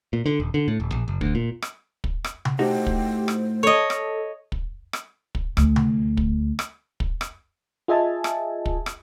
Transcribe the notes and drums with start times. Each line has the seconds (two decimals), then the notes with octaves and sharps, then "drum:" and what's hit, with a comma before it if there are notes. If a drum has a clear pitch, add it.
0.13 A#2
0.26 D3
0.40 D#1
0.54 D3
0.68 A2
0.80 D#1
0.92 A#1
1.08 F#1
1.21 D2, drum: kick
1.35 A#2
1.62 drum: rim click
2.04 drum: kick
2.24 drum: rim click
2.45 drum: tom C3
2.59 A2 D#4 F#4 G4 C5
2.87 drum: kick
3.28 drum: rim click
3.63 A4 C#5 D#5
3.90 drum: rim click
4.52 drum: kick
4.93 drum: rim click
5.35 drum: kick
5.57 D2, drum: rim click
5.76 drum: tom C3
6.17 drum: kick
6.59 drum: rim click
7.00 drum: kick
7.21 drum: rim click
7.88 F4 G#4 D#5 E5 G#5 A5
8.24 drum: rim click
8.66 drum: kick
8.86 drum: rim click